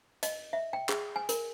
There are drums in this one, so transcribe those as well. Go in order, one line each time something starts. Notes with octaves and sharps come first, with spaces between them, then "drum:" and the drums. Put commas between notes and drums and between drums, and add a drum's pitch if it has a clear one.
D#5, drum: hi-hat
E5
G5
G#4, drum: clap
G#5
A#4, drum: hi-hat